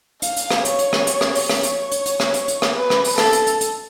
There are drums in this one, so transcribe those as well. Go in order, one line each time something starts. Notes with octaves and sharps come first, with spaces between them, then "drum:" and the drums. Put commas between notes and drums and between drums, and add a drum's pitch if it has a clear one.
F5, drum: hi-hat
drum: hi-hat
drum: rim click
C#5, drum: hi-hat
drum: hi-hat
drum: rim click
drum: hi-hat
drum: rim click
drum: open hi-hat
C#5, drum: rim click
drum: hi-hat
drum: hi-hat
drum: hi-hat
drum: rim click
drum: hi-hat
drum: hi-hat
drum: rim click
B4
drum: rim click
drum: open hi-hat
A4, drum: rim click
drum: hi-hat
drum: hi-hat
drum: hi-hat